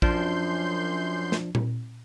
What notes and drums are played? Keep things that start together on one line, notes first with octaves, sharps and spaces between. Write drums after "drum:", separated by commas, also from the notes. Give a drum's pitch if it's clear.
F#2 F3 D4 C6 G6, drum: kick
drum: snare
drum: tom A#2